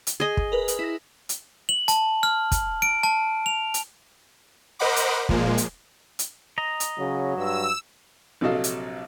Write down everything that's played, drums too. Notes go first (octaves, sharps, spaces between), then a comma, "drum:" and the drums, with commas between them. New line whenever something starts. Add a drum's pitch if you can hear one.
drum: hi-hat
G#4 D#5
drum: kick
A#4 B4
drum: hi-hat
E4 A#6
drum: hi-hat
F#7
A5, drum: hi-hat
F6
drum: kick, hi-hat
D7
A5
F7
drum: hi-hat
A#4 C5 D#5 F#5 B5 D6
drum: hi-hat
A#2 F3 G#3 A#3, drum: kick
drum: hi-hat
drum: hi-hat
D#5 A#5
drum: hi-hat
C#3 F#3
G2 E6
A#1 C3 F#3 A4 D#5 F5
drum: hi-hat